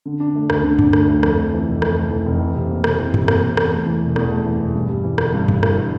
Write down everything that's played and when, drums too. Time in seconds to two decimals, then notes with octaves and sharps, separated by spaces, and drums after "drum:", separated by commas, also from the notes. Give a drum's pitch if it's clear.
0.05 D3
0.20 D4
0.35 A3
0.50 D2, drum: rim click
0.64 D3
0.79 D4, drum: tom F#2
0.93 A3, drum: rim click
1.08 D2
1.23 F2, drum: rim click
1.37 A3
1.53 E3
1.68 F1
1.82 F2, drum: rim click
1.97 A3
2.10 E3
2.26 F1
2.40 E3
2.55 C3
2.69 A#3
2.84 C3, drum: rim click
2.99 E3
3.14 C3, drum: tom F#2
3.28 A#3, drum: rim click
3.43 C3
3.57 E2, drum: rim click
3.71 A3
3.86 E3
4.02 E1
4.16 E2, drum: rim click
4.31 A3
4.46 E3
4.60 E1
4.74 G2
4.90 G3
5.04 E3
5.18 G1, drum: rim click
5.33 G2
5.48 G3, drum: tom F#2
5.63 E3, drum: rim click